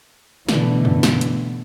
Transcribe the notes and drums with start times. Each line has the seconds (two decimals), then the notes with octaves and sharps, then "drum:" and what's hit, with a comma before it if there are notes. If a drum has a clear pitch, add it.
0.49 B2 D3 E3 A3, drum: snare
0.85 drum: tom F#2
1.03 drum: snare
1.21 drum: hi-hat